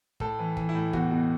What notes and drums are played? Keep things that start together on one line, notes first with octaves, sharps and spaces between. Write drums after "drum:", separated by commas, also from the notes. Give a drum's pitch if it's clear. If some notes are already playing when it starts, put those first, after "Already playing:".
A2 A4, drum: kick
E3
E3, drum: kick
E4
A2
E2 F#4, drum: kick
B2